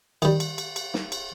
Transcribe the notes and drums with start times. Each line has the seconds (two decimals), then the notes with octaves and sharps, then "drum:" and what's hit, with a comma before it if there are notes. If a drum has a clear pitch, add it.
0.22 D#3 G3, drum: cymbal
0.40 drum: cymbal
0.58 drum: cymbal
0.76 drum: cymbal
0.94 drum: snare
1.12 drum: cymbal